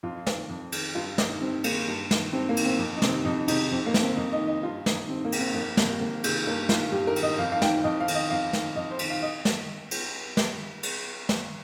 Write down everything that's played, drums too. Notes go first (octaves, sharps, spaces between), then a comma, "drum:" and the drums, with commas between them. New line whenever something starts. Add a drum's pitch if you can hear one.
F2 F4
D#3, drum: snare
F2
D#3, drum: cymbal
G2 F4
D#3 D#4, drum: snare
G2 C4
D#3 A#3, drum: cymbal
G2
D#3, drum: snare
G2 C4
A#3
D#3, drum: cymbal
C4
F2
D#4
C3 D#3 C4, drum: snare
F2 D#4
C3 D#3 D#4, drum: cymbal
F2 C4
A#3
D#3, drum: snare
C4
F2 D#4
D#5
D#3
D#5
G2 F4
D#3 D#4, drum: snare
G2 C4
A#3
D#3, drum: cymbal
C4
F2 A#3
C3 D#3 A#3, drum: snare
F2 A#3
C3 D#3, drum: cymbal
G2 A#3
D#3 F4, drum: snare
G2 G4
A#4
D#3, drum: cymbal
D#5
F2 F5
F5
D#3 G5, drum: snare
F2 D#5
F5
D#3, drum: cymbal
D#5
F2 F5
D#3, drum: snare
F2 D#5
C5
D#3, drum: cymbal
F5
D#5
drum: snare
drum: cymbal
drum: snare
drum: cymbal
drum: snare